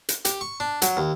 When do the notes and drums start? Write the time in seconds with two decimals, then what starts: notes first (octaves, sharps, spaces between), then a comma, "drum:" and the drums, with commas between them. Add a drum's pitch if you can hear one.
0.09 drum: hi-hat
0.25 G4, drum: hi-hat
0.41 C#6
0.60 D4
0.82 F#3, drum: hi-hat
0.97 D#2